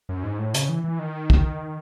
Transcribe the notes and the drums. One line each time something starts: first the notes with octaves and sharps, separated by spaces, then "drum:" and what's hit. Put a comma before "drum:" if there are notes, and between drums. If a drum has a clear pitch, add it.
F#2
G#2
A2
C#3, drum: hi-hat
E3
E3
D#3
drum: kick